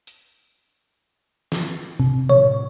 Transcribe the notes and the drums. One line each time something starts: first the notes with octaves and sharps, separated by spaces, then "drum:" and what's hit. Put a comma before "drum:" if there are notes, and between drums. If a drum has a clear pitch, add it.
drum: hi-hat
drum: snare
C3
C#5, drum: tom A2